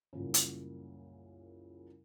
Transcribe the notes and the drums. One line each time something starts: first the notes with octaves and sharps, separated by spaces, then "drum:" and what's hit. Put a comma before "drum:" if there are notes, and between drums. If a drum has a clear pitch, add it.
C2 F#2 A#2 C#3
drum: hi-hat